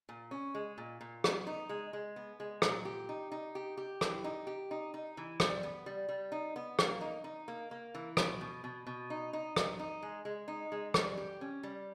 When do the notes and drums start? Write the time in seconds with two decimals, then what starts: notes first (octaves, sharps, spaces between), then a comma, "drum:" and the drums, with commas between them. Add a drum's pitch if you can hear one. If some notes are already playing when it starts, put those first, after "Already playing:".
0.09 A#2
0.31 C#4
0.55 G#3
0.78 A#2
1.01 A#2
1.24 B3, drum: rim click
1.47 D#4
1.69 G#3
1.93 G#3
2.16 B3
2.40 G#3
2.62 A#2, drum: rim click
2.85 G4
3.09 D#4
3.32 D#4
3.55 G4
3.77 G4
4.01 E3, drum: rim click
4.24 D#4
4.47 G4
4.71 D#4
4.94 D#4
5.17 E3
5.40 G3, drum: rim click
5.63 B3
5.86 G3
6.09 G3
6.32 D#4
6.56 B3
6.79 A#3, drum: rim click
7.01 D#4
7.24 D#4
7.48 A#3
7.71 A#3
7.95 E3
8.17 B2, drum: rim click
8.41 B2
8.64 B2
8.87 B2
9.10 D#4
9.33 D#4
9.56 D#4, drum: rim click
9.79 D#4
10.02 G#3
10.25 G#3
10.48 D#4
10.72 G#3
10.94 G3, drum: rim click
11.18 G4
11.41 C#4
11.63 G3